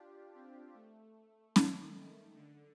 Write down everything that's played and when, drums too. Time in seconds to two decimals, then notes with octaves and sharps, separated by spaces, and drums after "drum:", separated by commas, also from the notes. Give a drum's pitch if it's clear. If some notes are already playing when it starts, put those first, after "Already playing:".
Already playing: D4 F4 G4
0.34 C4
0.74 A3
1.56 D#3, drum: snare C#4
2.35 D3